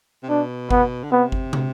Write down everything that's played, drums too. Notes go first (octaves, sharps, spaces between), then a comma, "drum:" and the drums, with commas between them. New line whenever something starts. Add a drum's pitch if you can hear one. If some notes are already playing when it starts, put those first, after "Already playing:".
C3
B2 D4
B3, drum: kick G1
D3
C3 B3
drum: kick G1
drum: tom